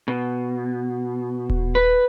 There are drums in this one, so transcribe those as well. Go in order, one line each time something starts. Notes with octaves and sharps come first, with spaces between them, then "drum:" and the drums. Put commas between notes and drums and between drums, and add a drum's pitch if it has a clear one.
B2
drum: kick D#1
B4